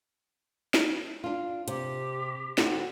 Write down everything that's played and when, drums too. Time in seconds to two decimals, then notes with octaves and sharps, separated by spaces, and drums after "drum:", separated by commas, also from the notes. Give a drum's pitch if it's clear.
0.74 drum: snare
1.24 D4 F4
1.68 C3 G4, drum: hi-hat
2.58 D3 C4 F#4, drum: snare